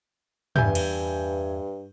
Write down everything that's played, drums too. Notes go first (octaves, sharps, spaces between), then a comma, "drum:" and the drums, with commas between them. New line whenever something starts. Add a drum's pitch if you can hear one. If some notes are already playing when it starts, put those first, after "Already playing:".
E2 G2 B4 E5 G#5 G6, drum: tom
drum: cymbal